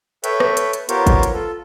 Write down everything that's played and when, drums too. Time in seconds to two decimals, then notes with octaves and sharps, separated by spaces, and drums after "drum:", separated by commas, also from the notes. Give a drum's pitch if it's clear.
0.24 A4 B4 C#5 E5 G5, drum: hi-hat
0.40 drum: rim click
0.57 drum: hi-hat
0.73 drum: hi-hat
0.89 B3 F4 G4 A#4 C5 C#5, drum: hi-hat
1.07 drum: kick G#1, hi-hat
1.23 drum: hi-hat
1.34 F4 A4